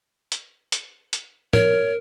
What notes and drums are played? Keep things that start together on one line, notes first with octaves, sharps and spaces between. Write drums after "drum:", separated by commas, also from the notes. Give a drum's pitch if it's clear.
drum: hi-hat
drum: hi-hat
drum: hi-hat
A#4 C#5, drum: tom